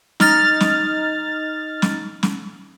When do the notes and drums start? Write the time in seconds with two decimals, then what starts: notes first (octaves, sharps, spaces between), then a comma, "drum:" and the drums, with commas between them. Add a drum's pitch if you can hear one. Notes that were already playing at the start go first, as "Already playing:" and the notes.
0.20 D#4 F6 A6, drum: snare
0.60 drum: snare
1.82 drum: snare
2.23 drum: snare